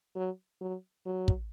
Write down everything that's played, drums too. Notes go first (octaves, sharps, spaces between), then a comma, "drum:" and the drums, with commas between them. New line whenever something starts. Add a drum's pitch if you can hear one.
F#3
F#3
F#3
drum: kick